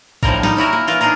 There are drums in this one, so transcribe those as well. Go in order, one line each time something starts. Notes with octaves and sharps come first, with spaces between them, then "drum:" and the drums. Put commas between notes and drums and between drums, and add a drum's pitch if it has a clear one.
A2 D3 F3 G3 A#3 A#4, drum: kick A#1
G3 D#4, drum: snare
C#4 E4 F#4 A#4
A#3
E3 A#3 F4 A#4
D4 D#4 F4 G#4 A#4